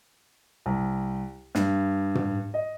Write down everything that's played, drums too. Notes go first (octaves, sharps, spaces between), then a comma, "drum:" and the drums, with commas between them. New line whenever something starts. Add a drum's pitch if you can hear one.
C2
G2, drum: snare
drum: tom
D#5